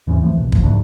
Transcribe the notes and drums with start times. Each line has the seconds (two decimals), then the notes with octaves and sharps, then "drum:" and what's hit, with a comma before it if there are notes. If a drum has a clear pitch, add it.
0.07 D#2 G#2 E3 C#4
0.21 D2 E3 F3 A3
0.37 C2 B2
0.52 A1 F3, drum: kick
0.63 D#1 D2 G#2 D4